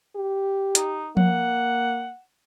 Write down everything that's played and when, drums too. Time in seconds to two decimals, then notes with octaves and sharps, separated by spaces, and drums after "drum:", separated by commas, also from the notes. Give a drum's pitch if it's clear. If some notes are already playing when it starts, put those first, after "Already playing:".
0.16 G4
0.75 D#4, drum: hi-hat
1.17 A#3 F#5, drum: tom F3